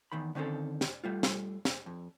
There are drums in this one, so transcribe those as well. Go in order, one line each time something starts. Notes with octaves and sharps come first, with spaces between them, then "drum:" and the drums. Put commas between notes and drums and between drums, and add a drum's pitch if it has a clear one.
E2 D#3 B5
D3 D#3 C4 C#4 A4
drum: snare
G3 A3 F4
drum: snare
drum: snare
F2